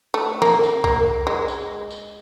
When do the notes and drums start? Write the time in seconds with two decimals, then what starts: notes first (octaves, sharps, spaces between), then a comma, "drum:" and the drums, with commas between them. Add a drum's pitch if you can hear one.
0.14 A3
0.42 A#3, drum: snare
0.63 drum: tambourine
0.84 A#3, drum: kick B1
1.27 G#3
1.48 drum: tambourine
1.91 drum: tambourine